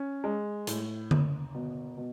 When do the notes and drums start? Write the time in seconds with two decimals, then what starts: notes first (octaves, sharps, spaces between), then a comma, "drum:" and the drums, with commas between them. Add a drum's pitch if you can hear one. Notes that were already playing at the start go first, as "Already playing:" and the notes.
Already playing: C#4
0.24 G#3
0.67 A2, drum: hi-hat
1.11 F#1, drum: tom D3
1.55 B2
1.97 B2